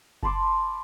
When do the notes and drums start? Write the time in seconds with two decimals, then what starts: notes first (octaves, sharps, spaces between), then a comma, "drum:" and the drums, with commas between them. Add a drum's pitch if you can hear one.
0.23 A5 B5 C6 D6, drum: kick F#1